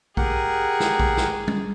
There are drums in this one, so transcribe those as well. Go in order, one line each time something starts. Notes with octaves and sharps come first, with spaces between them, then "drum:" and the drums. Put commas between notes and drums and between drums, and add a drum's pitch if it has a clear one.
G4 G#4 A#4 F#5, drum: kick A#1
drum: snare
drum: kick A#1
drum: snare
drum: tom G3